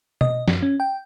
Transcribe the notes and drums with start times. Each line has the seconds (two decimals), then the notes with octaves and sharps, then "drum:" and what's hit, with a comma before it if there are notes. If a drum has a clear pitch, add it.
0.21 D#5, drum: tom B2
0.48 F#2, drum: snare
0.62 C#4
0.80 G5